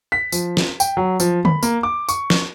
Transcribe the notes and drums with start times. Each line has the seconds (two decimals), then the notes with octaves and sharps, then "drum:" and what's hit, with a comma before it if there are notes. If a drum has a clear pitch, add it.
0.12 B6
0.32 F3, drum: tambourine
0.57 drum: snare
0.80 G5, drum: tambourine
0.97 F#3
1.20 F3, drum: tambourine
1.45 B5, drum: tom D3
1.63 A#3, drum: tambourine
1.83 D6
2.09 C#6, drum: tambourine
2.30 drum: snare